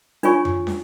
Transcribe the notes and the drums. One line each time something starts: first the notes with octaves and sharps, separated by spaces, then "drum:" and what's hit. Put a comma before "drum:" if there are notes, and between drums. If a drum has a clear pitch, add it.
D4 F4 C#5 G#5 C#6, drum: hi-hat
drum: tom F2
drum: snare